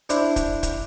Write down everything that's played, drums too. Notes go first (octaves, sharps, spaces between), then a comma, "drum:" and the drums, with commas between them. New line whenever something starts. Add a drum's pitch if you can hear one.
D4 E4 C5, drum: hi-hat
drum: kick, hi-hat
drum: kick, hi-hat